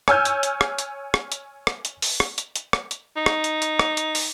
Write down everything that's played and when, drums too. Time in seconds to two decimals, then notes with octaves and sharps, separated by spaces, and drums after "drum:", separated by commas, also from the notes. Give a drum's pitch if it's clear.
0.08 C#5 G#5 E6 F6 G6, drum: rim click
0.25 drum: hi-hat
0.43 drum: hi-hat
0.61 drum: rim click
0.78 drum: hi-hat
1.14 drum: rim click
1.32 drum: hi-hat
1.67 drum: rim click
1.85 drum: hi-hat
2.02 drum: open hi-hat
2.20 drum: rim click
2.38 drum: hi-hat
2.56 drum: hi-hat
2.73 drum: rim click
2.91 drum: hi-hat
3.17 D#4
3.26 drum: rim click
3.44 drum: hi-hat
3.62 drum: hi-hat
3.79 drum: rim click
3.97 drum: hi-hat
4.15 drum: open hi-hat